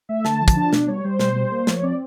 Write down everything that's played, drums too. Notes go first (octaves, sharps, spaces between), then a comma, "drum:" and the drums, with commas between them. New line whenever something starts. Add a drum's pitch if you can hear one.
A3 E5
D3 A5, drum: snare
F3
A5, drum: kick, hi-hat
D4
B2, drum: snare
G3 C#5
G3 C5
B2, drum: snare
G3
A#3
F3 C#5, drum: snare
C4 D5